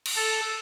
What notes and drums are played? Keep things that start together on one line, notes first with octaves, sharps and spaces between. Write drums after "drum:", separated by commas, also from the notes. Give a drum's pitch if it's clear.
drum: cymbal
A4